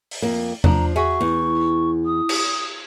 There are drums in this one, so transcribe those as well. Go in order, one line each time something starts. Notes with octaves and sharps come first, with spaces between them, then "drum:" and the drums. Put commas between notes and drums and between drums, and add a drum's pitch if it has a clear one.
drum: open hi-hat
F2 A#3
F3 D4 A#5, drum: tom E2
F#4 G#4 E5 C#6
E2
D#6
drum: cymbal